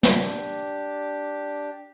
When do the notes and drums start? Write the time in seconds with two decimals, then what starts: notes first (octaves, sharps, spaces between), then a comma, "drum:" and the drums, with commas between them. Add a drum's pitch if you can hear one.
0.03 D4 G4, drum: snare